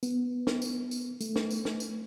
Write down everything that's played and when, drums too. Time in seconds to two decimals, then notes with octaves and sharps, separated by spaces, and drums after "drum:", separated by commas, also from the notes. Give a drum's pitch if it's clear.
0.03 B3, drum: tambourine
0.47 drum: snare
0.62 drum: tambourine
0.91 drum: tambourine
1.21 A3, drum: tambourine
1.36 drum: snare
1.50 drum: tambourine
1.65 drum: snare
1.80 drum: tambourine